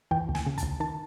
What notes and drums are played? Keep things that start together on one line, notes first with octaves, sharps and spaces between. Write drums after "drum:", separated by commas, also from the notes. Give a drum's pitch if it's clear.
E3 G5, drum: kick
D2
G#5, drum: snare
C#3
A5, drum: kick, hi-hat
D2
D#3 A5